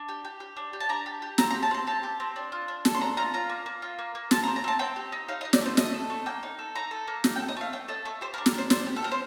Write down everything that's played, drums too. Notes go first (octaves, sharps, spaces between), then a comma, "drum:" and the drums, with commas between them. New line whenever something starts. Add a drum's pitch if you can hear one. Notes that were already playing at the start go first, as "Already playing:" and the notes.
Already playing: D4
G4
G4
G4
D4
G4
A5
D4 A#5
G4
G4
C4 A#5, drum: snare
A#5
G4
A5
C4 C6
G4 A5
G4
C4
D4
F4
D4
A4, drum: snare
C6
D4 A#5
F4 A#5
F4 A#5
A#3
A#3
F4
A#3
A#3
C4 A5, drum: snare
A#5
C4
A#5
C4 A5
C4 G5
G4
D#4
D#4 F5
D#5
D#4
D5, drum: snare
A3 C5
A3 D#5, drum: snare
A4
A3
A#3 G5
D#4
A4
D#4 A#5
A4
A#3
D#4, drum: snare
G5
A4
D#5
A3 F5
A3 G5
A4 D#5
A3 A4
G4 C5
A#4
D4
A#4, drum: snare
D4 C5
D4 C5, drum: snare
G4
A4
G4 A#4
C5